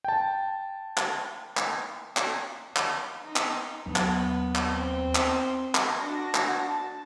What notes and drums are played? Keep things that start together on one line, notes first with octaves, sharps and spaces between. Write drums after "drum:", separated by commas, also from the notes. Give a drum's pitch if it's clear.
G5 A5
drum: clap
drum: clap
drum: clap
drum: clap
D#4
drum: clap
D#2 F#3 B3 D4
drum: clap
drum: clap
C4
drum: clap
drum: clap
D4 F#4 A5 A#6
drum: clap
A5